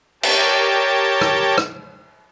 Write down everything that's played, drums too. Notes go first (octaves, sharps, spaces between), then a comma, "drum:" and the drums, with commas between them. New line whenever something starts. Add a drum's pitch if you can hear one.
G4 A#4 C#5 G5 A5, drum: cymbal
drum: rim click
drum: rim click